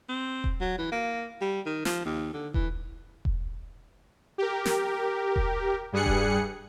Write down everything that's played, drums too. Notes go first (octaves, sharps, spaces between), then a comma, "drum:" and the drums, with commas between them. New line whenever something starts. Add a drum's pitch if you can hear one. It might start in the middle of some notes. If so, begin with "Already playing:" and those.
C4
drum: kick E1
F#3
E3
A#3
G3
D#3
F3, drum: snare
D#2
D3
E3, drum: kick E1
drum: kick E1
G4 A#4
drum: snare
drum: kick E1
G2 G3 G#4 F#6 C#7
drum: kick E1